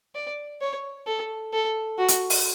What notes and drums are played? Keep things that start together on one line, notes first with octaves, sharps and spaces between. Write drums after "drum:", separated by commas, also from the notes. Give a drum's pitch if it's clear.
D5
C#5
A4
A4
F#4
drum: hi-hat
drum: open hi-hat